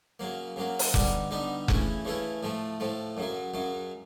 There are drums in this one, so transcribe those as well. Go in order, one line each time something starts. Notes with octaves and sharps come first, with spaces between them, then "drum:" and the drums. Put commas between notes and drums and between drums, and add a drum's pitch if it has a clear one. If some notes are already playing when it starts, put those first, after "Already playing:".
C#3 F#3 A#3
C#3 F#3 A#3
drum: open hi-hat
D3 G3 B3 D#4, drum: kick F1
D3 G3 B3 D#4
C#3 E3 A3 C#4 E4, drum: kick F1
C#3 E3 A3 C#4 E4
A2 F3 A3
A2 F3 A3
F#2 C#3 F#3
F#2 C#3 F#3